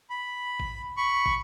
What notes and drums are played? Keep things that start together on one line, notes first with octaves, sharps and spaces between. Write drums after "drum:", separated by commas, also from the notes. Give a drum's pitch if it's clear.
B5
drum: kick
B5 C#6
drum: kick